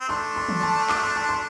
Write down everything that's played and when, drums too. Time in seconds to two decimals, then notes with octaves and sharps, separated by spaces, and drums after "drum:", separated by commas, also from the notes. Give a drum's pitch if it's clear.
0.01 C4
0.08 A3 D4 C6
0.36 C6
0.49 drum: tom D#3
0.63 A5
0.89 D6, drum: clap
1.02 C6
1.16 A5
1.29 C6